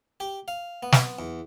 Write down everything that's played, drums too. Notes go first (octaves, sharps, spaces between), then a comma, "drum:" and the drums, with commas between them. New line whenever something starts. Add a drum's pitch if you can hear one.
G4
F5
B3
drum: snare
E2